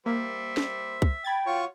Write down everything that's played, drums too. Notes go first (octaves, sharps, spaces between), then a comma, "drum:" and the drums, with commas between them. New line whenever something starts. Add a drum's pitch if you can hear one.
G3 A#3 C5 E5
drum: snare
drum: kick
G5 B5 G#6 A6
F4 F#4 C#5 C#6